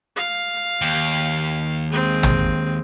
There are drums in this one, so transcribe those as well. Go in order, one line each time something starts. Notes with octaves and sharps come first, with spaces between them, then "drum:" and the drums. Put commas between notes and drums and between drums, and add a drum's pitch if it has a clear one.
F5
D#2
G#3 C4
drum: tom